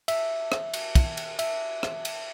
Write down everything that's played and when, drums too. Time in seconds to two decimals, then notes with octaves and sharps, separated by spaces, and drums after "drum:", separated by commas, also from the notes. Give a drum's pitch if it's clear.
0.08 E5, drum: cymbal
0.52 drum: rim click
0.74 drum: cymbal
0.95 drum: kick, cymbal
1.17 drum: cymbal
1.39 E5, drum: cymbal
1.83 drum: rim click
2.05 drum: cymbal